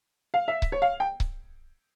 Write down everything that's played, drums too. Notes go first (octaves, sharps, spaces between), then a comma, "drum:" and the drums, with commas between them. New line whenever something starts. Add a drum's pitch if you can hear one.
F5
E5
drum: kick C#1
C#5
F5
G5
drum: kick C#1